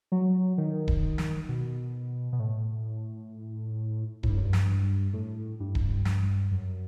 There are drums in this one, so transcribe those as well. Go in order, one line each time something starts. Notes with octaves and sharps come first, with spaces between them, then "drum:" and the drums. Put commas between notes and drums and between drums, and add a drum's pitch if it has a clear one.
F#3
D#3
drum: kick D#1
drum: snare
B2
B2
A2
A2, drum: kick D#1
G2
F#2
G2
drum: snare
A2
G2
drum: kick D#1
G2, drum: snare
F#2